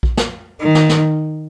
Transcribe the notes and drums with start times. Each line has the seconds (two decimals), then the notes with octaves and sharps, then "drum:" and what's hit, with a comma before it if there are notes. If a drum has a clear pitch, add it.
0.03 drum: kick A#1
0.17 drum: snare
0.61 D#3
0.75 drum: snare
0.89 drum: snare